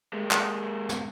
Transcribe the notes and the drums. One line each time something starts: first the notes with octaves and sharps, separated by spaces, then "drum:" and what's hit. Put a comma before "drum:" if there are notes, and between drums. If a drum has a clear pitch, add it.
G#3 A#3
drum: clap
drum: snare